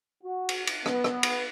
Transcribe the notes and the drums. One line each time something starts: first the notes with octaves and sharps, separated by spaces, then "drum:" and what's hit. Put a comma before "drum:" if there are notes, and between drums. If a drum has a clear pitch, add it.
F#4
drum: cymbal
drum: cymbal
B3, drum: rim click
drum: rim click
drum: cymbal